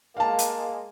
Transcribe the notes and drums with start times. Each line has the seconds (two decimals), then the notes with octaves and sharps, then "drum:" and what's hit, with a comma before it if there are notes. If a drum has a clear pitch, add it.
0.17 G#3 A#3 F5 A5
0.39 drum: hi-hat